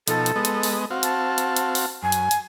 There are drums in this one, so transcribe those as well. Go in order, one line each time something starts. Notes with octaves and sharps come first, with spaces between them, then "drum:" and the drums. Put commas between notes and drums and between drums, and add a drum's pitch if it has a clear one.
B2 F3 D#4 A4, drum: hi-hat
drum: hi-hat
G#3 B3 D#5
drum: hi-hat
drum: open hi-hat
C4 F#4 F5
A5, drum: hi-hat
drum: hi-hat
drum: hi-hat
drum: open hi-hat
F#2 G#5
drum: hi-hat
drum: hi-hat